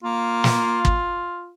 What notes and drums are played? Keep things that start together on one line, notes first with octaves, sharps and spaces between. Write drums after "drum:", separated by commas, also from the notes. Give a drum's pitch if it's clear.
A#3 F4
drum: snare
drum: kick